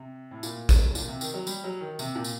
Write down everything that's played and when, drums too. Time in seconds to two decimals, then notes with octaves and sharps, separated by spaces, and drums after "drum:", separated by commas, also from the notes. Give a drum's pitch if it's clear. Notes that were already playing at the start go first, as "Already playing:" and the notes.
Already playing: C3
0.31 A2
0.43 A#2, drum: tambourine
0.69 drum: kick, tambourine
0.95 A#2, drum: tambourine
1.08 C3
1.21 D#3, drum: tambourine
1.34 F#3
1.47 G3, drum: tambourine
1.64 F#3
1.81 D#3
1.99 C3, drum: tambourine
2.15 A#2
2.24 drum: tambourine